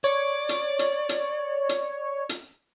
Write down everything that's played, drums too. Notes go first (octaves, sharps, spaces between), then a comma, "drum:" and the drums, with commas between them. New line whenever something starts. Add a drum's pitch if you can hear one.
C#5 D5
drum: hi-hat
drum: hi-hat
drum: hi-hat
drum: hi-hat
drum: hi-hat